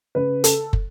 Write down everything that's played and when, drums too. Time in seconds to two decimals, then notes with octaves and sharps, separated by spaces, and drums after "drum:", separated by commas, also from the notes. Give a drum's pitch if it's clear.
0.15 C#3 B4
0.44 A4, drum: hi-hat
0.73 drum: kick